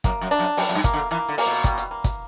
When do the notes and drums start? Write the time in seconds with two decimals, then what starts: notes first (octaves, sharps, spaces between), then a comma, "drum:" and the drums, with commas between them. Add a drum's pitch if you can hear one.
0.04 F#2 A#3, drum: kick, hi-hat
0.21 F#2
0.31 D4
0.39 F#2
0.57 F#2 G3, drum: open hi-hat
0.69 F#2, drum: hi-hat
0.75 G2
0.84 A#3, drum: kick, hi-hat
0.94 D3
1.11 E3 A#3
1.29 D3
1.38 A#3, drum: open hi-hat
1.46 B2
1.64 G3, drum: kick, hi-hat
1.78 drum: hi-hat
1.91 A#3
2.04 drum: kick, hi-hat